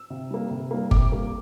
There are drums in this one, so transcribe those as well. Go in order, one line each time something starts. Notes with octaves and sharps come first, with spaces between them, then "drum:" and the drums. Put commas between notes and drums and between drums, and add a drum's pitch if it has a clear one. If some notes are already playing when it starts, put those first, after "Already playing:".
Already playing: E6
C3
G3 A#3
C3
G3 A#3
C3 D6, drum: kick G1
G3 A#3